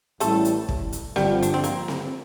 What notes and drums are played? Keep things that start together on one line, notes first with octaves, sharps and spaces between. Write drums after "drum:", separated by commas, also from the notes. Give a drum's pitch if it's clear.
A1 A2 E3 G3 A3 A4, drum: hi-hat
drum: hi-hat
drum: kick
drum: hi-hat
G2 D3 F3 G3 G4, drum: snare C4
D4, drum: hi-hat
C4
A#3, drum: hi-hat
drum: snare C4